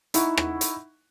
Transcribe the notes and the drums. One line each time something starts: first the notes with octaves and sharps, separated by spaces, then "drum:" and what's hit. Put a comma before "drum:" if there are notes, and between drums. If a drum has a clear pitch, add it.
D#4 E4 F#5 C#6, drum: hi-hat
drum: rim click
drum: hi-hat